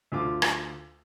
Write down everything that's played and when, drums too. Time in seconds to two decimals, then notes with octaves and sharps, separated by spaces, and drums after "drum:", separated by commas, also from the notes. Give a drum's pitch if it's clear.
0.12 D2 F4 D6
0.42 drum: rim click